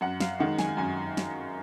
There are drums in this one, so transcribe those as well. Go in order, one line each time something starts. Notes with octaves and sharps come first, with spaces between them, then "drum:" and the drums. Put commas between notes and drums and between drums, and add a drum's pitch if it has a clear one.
F#2 F#5
F5, drum: snare
D#3 G#3 F#5
G#5, drum: snare
F#2 G#5
drum: snare